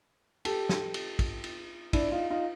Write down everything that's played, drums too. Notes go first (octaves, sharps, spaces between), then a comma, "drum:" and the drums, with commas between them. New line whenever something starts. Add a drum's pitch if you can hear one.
G4 A4, drum: cymbal
drum: snare
drum: cymbal
drum: kick, cymbal
drum: cymbal
D4 E4, drum: kick, cymbal
D#4 F4
D#4 F4